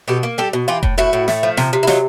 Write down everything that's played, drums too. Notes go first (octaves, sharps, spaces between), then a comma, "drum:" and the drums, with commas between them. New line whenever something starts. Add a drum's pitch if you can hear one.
B2 G4 A4
A#3
G3 G4 A4
B2
E3 F4 G4
A2, drum: kick F1
A2 E4 F#4
A2
A3, drum: snare
F3
C3, drum: snare
C3
E4
F#3 D#4 F4, drum: snare